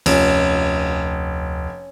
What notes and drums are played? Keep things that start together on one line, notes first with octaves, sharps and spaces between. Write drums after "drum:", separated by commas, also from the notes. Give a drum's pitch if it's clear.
F1 D2 C#4, drum: cymbal